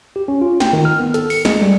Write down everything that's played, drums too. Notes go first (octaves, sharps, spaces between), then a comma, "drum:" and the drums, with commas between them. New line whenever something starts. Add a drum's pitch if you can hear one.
G4
C#4
F4
G5, drum: snare
D#3
F6
B3
A4, drum: hi-hat
C#7, drum: open hi-hat
G#3, drum: snare
G3